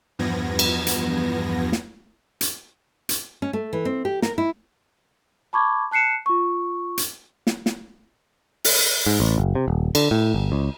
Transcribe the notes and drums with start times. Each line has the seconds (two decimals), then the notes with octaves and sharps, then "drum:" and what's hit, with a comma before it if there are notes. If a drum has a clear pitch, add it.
0.19 E2 G2 F3 B3 G#6 A#6
0.59 drum: cymbal
0.87 drum: hi-hat
1.72 drum: snare
2.41 drum: hi-hat
3.09 drum: hi-hat
3.42 C#4
3.53 A3
3.73 E3
3.85 C4
4.05 G4
4.22 A#4, drum: snare
4.38 E4
5.53 A5 B5 C#6 D6 G#6
5.91 A5 F#6 C7 C#7 E7
6.26 F4 C#6
6.97 drum: hi-hat
7.47 drum: snare
7.66 drum: snare
8.64 drum: open hi-hat
9.06 G#2
9.20 A1
9.38 F#1
9.55 C3
9.68 D#1
9.95 D3, drum: cymbal
10.11 A2
10.34 G1
10.52 C#2